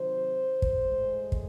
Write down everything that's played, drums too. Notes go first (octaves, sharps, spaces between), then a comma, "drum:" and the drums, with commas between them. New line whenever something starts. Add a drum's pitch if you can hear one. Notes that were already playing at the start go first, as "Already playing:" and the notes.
Already playing: C3 D#3 F#3 C5
drum: kick
A2 G#3
drum: kick